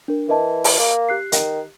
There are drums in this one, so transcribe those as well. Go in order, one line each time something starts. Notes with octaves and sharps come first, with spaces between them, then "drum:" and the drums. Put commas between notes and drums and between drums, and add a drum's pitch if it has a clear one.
D4 A#4
E3 A#4 D#5 A5
drum: open hi-hat
A#3
G4 F#6 C7
D#3, drum: hi-hat